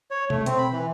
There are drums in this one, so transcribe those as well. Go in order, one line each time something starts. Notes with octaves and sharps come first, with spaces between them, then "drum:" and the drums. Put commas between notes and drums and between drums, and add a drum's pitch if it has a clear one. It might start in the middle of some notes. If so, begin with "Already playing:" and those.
C#5
A3, drum: tom B2
C4, drum: hi-hat
B5
E3